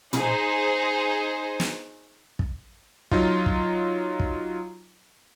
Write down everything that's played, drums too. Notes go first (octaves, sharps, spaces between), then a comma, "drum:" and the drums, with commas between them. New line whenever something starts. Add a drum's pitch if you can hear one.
D#4 G#4 C5, drum: tom
drum: snare
drum: kick
F#3 D#4 F4, drum: kick
drum: kick
drum: kick